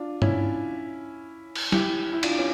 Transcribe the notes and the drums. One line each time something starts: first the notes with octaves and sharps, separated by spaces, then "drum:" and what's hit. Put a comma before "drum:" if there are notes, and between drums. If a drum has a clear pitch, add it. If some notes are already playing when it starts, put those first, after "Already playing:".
Already playing: D4 F4
C#4 E4, drum: tom G2
drum: cymbal
E4 G4, drum: snare
E4
D4 F4, drum: cymbal
C#4